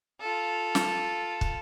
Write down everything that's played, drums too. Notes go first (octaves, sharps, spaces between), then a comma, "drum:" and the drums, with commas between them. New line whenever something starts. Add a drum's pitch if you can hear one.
F4 A4
drum: snare
drum: kick